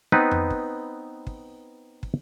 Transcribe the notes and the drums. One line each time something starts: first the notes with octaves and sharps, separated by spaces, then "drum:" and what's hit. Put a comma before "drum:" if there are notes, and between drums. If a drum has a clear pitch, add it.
B3 C4 D#4 B4
drum: tom F2
drum: kick
drum: kick
drum: kick